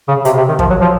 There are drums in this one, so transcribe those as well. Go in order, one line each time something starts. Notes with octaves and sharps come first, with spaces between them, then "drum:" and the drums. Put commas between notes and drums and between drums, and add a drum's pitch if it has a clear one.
C#3
C3, drum: hi-hat
C3
D#3
F3, drum: kick
F#3
F3